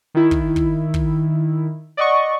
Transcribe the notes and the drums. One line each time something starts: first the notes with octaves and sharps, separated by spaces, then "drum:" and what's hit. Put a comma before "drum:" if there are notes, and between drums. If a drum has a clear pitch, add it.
D#3 E4
drum: kick
drum: kick
drum: kick
D5 D#5 F#5 C#6